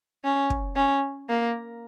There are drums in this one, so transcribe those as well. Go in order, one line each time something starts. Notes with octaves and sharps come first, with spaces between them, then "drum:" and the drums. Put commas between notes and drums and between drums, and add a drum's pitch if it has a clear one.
C#4
drum: kick
C#4
A#3